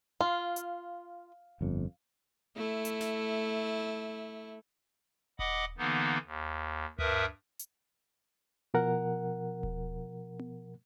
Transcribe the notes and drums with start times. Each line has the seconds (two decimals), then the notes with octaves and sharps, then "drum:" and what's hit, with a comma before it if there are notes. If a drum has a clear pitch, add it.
0.21 F4 F5
0.56 drum: hi-hat
1.61 G1 F2
2.56 A3 E4
2.85 drum: hi-hat
3.01 drum: snare
5.39 D#5 F#5 B5 D6 D#6, drum: kick D#1
5.78 D3 E3 A#3 B3 D#4
6.25 D#2
6.99 G2 A#4 B4 E5 D#6, drum: tom D2
7.59 drum: hi-hat
8.74 B2 F3 A#4 F#5
9.63 drum: kick D#1
10.39 drum: tom B3